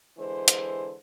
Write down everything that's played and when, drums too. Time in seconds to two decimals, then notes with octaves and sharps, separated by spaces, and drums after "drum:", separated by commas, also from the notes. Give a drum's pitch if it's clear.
0.17 D3 E3 G#3 C5
0.48 drum: hi-hat